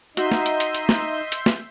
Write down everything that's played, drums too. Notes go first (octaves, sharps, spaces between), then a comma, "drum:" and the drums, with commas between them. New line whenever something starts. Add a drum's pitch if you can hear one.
D#4 F#4 D#5 E5 C6 G6, drum: hi-hat
drum: snare
drum: hi-hat
drum: hi-hat
drum: hi-hat
drum: snare
drum: hi-hat
drum: snare